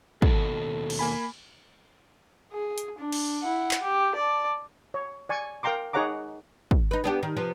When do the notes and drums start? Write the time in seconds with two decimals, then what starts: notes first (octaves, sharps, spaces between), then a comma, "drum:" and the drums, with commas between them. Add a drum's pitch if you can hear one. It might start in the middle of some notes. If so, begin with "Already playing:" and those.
0.22 D#2 B2 A4, drum: kick
0.90 drum: cymbal
0.99 A#3 G#5 B5
2.53 G#4
2.78 drum: hi-hat
2.98 D4
3.12 drum: cymbal
3.44 E4 F#5
3.71 drum: clap
3.82 G4
4.15 D5 A5
4.94 C#5
5.29 D5 G#5 C#6
5.63 A#4 F5 G5 A#5 C6 D6
5.93 D#4 G#4 C#5 F#5 A#5 D6
6.71 drum: kick
6.91 D#4 B4
7.04 B3 D4 G4
7.23 D#3
7.36 C3 F3 B3